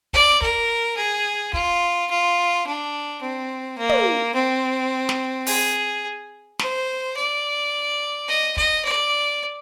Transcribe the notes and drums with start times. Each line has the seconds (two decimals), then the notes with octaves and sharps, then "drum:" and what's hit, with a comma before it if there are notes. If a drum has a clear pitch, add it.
0.13 D5, drum: kick
0.41 A#4, drum: kick
0.97 G#4
1.53 F4, drum: kick
2.10 F4
2.66 D4
3.22 C4
3.78 A#3
3.89 drum: tom
4.34 C4
5.09 drum: snare
5.47 G#4, drum: open hi-hat
6.59 C5, drum: snare
7.17 D5
8.28 D#5
8.57 D#5, drum: kick
8.85 D5